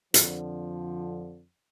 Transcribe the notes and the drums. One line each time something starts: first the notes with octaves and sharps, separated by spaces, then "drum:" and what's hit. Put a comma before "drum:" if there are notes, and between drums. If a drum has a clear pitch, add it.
F2 D3 F3, drum: hi-hat